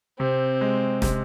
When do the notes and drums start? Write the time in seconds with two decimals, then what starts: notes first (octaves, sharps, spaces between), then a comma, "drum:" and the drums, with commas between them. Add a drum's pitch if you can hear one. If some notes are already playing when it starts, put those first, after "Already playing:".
0.19 C3 C4
0.61 G#3
1.02 C3, drum: snare